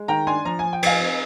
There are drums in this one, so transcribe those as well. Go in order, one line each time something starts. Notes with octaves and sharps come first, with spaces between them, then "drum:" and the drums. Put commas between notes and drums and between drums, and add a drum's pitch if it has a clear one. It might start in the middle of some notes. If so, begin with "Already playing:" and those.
Already playing: G#3
D#3 G5 A#5
D4 G#5 C6
F3 A#5
F3 G#5
G5
F3 F5 G#5, drum: cymbal
C4